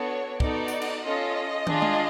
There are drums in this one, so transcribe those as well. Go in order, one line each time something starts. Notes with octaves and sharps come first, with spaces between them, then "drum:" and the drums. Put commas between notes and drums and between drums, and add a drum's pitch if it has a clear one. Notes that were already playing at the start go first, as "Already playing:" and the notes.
Already playing: B3 D4 F#4 A4 C#5
B3 D#4 F#4 A4 D5, drum: kick
drum: tambourine
drum: cymbal
C#4 F4 A4 D#5
D4 F4 G#4, drum: tom
drum: tom G#3